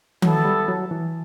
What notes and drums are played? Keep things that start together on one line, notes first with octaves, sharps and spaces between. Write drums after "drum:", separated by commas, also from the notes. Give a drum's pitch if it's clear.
F#3 B3 E4 A4, drum: tom D#3
G3
F#3
E3